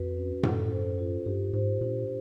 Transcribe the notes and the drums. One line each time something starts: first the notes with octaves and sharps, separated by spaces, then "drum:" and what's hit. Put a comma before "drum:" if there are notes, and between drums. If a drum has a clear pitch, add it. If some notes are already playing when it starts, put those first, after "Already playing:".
Already playing: F2 F#4 B4
C#4
F#2 A4, drum: tom A2
C5
F4
G2 G4
G#2 C5
A#2 D4